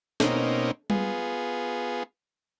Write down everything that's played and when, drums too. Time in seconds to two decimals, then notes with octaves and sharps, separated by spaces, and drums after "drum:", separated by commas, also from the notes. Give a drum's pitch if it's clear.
0.20 B2 A#3 C4 C#4 D#4, drum: snare
0.90 B3 F4 G#4, drum: tom G3